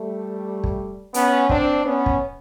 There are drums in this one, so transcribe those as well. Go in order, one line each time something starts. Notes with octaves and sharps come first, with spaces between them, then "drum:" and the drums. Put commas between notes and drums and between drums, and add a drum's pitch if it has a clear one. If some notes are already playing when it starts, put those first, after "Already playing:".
Already playing: G3 A3
drum: kick
B3 C#4, drum: hi-hat
C4 D4, drum: kick
B3 C#4
drum: kick